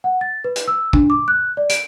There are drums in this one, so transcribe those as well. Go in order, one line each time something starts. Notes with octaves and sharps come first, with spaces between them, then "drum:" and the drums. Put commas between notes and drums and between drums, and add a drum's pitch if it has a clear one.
F#5
A6
B4
drum: hi-hat
E6
D4, drum: kick
D6
F#6
D5
D7, drum: hi-hat